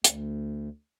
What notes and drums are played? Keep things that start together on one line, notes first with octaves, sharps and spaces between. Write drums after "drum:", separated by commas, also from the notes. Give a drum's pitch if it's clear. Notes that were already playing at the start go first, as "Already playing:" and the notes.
D2, drum: hi-hat